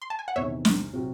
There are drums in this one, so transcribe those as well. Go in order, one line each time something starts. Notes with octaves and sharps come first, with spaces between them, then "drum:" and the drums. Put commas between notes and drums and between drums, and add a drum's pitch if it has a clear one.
C6
A5
G#5
F#5
E2 C3 D#3 C#5 E5
drum: snare
C3 F#3 C4 F#4